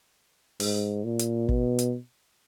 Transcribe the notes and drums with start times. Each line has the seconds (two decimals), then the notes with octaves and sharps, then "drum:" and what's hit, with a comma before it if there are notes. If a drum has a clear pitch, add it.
0.60 G#2, drum: open hi-hat
1.05 A#2
1.19 drum: hi-hat
1.49 B2, drum: kick
1.79 drum: hi-hat